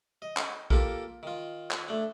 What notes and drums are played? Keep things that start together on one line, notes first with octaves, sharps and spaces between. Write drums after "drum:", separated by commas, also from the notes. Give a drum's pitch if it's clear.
D#5
drum: clap
A#3 F4 G4 A4 A#4, drum: kick A#1
D#3 F4
drum: clap
A3 D4